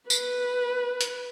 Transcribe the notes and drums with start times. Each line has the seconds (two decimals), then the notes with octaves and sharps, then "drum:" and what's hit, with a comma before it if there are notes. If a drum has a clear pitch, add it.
0.10 B4, drum: tambourine
1.01 drum: hi-hat